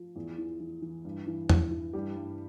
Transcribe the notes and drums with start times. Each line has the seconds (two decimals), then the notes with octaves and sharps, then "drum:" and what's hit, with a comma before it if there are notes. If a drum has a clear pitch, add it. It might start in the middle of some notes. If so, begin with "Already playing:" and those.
Already playing: F3
0.16 E2
0.38 E3
0.60 E3
0.82 E3
1.05 G2
1.27 E3
1.50 E3, drum: tom E2
1.71 E3
1.93 G2 G3 G4
2.16 G2